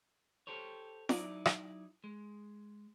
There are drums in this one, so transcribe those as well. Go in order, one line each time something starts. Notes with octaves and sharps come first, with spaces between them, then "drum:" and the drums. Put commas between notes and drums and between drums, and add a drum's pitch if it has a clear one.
G4 A4 C5 C#5
F#3 D#4 E4 D5, drum: snare
drum: rim click
G#3